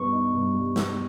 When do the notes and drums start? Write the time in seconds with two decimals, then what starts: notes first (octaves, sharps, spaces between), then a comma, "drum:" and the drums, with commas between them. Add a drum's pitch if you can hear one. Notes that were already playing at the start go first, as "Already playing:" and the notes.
Already playing: G2 G3 B3 D#4 C#6
0.12 D#4
0.33 G2
0.55 G3
0.76 B3, drum: snare